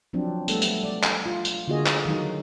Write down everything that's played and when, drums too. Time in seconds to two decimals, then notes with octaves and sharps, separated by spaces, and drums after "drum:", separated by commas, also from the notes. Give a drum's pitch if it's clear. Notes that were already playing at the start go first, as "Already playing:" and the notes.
0.13 F3 F#3 C4 D4
0.48 G3 A3 B3 A4, drum: tambourine
0.62 drum: tambourine
0.83 D5
1.03 drum: clap
1.26 F4
1.45 drum: tambourine
1.68 D3 A#3 F4 F#4 G#4 D#5
1.86 drum: clap
2.06 D#3 F#3 D#4